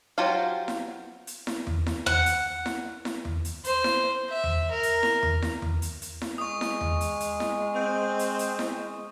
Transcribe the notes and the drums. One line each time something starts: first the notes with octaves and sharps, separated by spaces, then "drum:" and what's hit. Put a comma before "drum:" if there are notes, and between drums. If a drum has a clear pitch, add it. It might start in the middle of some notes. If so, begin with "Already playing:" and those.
F#3 F4 G4 C5 F5
drum: snare E4
drum: hi-hat
drum: snare E4
drum: tom E2
drum: snare E4
F#5, drum: tom E2
drum: hi-hat
drum: snare E4
drum: snare E4
drum: tom E2
drum: hi-hat
C5, drum: hi-hat
drum: snare E4
E5
drum: tom E2
A#4
drum: hi-hat
drum: snare E4
drum: tom E2
drum: snare E4
drum: tom E2
drum: hi-hat
drum: hi-hat
drum: snare E4
G#3 C#6 D#6
drum: snare E4
drum: tom E2
drum: hi-hat
drum: hi-hat
drum: snare E4
C4
drum: hi-hat
drum: hi-hat
drum: snare E4